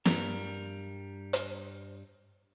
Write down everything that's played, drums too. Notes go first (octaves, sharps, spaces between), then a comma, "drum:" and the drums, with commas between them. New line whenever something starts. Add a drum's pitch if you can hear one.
G2 G3 A#4, drum: snare
drum: hi-hat